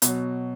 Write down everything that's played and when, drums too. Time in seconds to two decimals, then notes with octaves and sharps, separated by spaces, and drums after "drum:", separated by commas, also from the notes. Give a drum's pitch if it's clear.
0.02 B2 F#3, drum: hi-hat